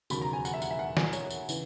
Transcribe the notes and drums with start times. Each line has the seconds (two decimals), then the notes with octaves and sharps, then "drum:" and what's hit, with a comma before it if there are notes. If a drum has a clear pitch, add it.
0.10 E1 D#2 C#3 F#3 B5, drum: tambourine
0.22 A#5
0.33 G#5
0.45 F#5, drum: tambourine
0.54 E5
0.62 F#5, drum: tambourine
0.71 E5
0.79 F#5
0.97 G#5, drum: snare
1.13 C#5, drum: tambourine
1.31 drum: tambourine
1.49 C#3 E3, drum: tambourine